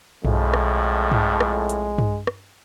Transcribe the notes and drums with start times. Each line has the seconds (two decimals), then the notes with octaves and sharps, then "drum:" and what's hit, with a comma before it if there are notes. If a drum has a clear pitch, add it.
0.25 B1 F2 A2 G#3, drum: tom G2
0.54 drum: rim click
1.11 drum: tom G2
1.40 drum: rim click
1.69 drum: hi-hat
1.98 drum: tom G2
2.27 drum: rim click